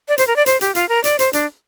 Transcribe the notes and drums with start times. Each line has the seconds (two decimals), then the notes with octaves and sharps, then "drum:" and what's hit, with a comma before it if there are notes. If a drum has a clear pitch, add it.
0.08 D5
0.18 C5, drum: hi-hat
0.27 A#4
0.36 D5
0.46 C5, drum: hi-hat
0.61 G4, drum: hi-hat
0.75 F4, drum: hi-hat
0.89 A#4
1.04 D5, drum: hi-hat
1.19 C5, drum: hi-hat
1.33 D4, drum: hi-hat